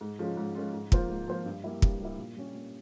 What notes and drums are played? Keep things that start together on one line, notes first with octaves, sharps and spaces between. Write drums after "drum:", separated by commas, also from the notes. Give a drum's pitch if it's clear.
G#2
F3 G#3 C#4 F4
G#2
F3 G#3 C#4 F4
G#2
F3 A#3 F4 C5, drum: kick
G#2
F3 A#3 F4 C5
G2
G3 A#3 E4
G2, drum: kick
G3 A#3 E4
A#2
G3 C#4 G4
A#2